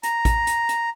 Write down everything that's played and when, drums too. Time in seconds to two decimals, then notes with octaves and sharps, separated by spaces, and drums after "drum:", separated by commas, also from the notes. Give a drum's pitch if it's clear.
0.03 A#5, drum: hi-hat
0.25 drum: kick A1, hi-hat
0.47 drum: hi-hat
0.69 drum: hi-hat